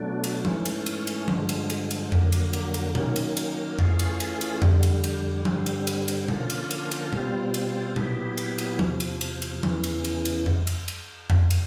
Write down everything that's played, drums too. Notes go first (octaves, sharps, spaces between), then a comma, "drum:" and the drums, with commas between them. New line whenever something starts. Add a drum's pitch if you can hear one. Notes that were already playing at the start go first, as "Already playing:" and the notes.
Already playing: B2 F#3 A3 D4
drum: cymbal
G#2 E3 A3 C#4, drum: tom F3
drum: cymbal
drum: cymbal
drum: cymbal
G2 D3 F3 G#3, drum: tom F3
drum: cymbal
drum: cymbal
drum: cymbal
F2 D3 F#3 A#3, drum: tom F2
drum: cymbal
drum: cymbal
drum: cymbal
D#3 F#3 A#3 C#4, drum: tom B2
drum: cymbal
drum: cymbal
E3 A3 C#4 F4 G#4, drum: tom F2
drum: cymbal
drum: cymbal
drum: cymbal
F2 D3 G3, drum: tom F2
drum: cymbal
drum: cymbal
G2 D3 G3 C4, drum: tom F3
drum: cymbal
drum: cymbal
drum: cymbal
D3 F3 A#3 C#4 F4, drum: tom B2
drum: cymbal
drum: cymbal
drum: cymbal
B2 G3 C4 F4, drum: tom B2
drum: cymbal
A#2 F#3 B3 E4 G4, drum: tom B2
drum: cymbal
drum: cymbal
E2 C3 F3, drum: tom F3
drum: cymbal
drum: cymbal
drum: cymbal
E2 C#3 E3, drum: tom F3
drum: cymbal
drum: cymbal
drum: cymbal
drum: tom F2
drum: cymbal
drum: cymbal
drum: tom F2
drum: cymbal